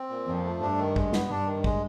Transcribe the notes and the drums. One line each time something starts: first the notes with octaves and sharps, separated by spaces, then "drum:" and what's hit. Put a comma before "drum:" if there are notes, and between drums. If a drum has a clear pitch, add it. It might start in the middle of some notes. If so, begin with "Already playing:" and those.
Already playing: C4
A#2
F2 F3
A3
G2 D4
D#3
G#3, drum: kick
B3, drum: snare
G2 D4
D#3
G#3, drum: kick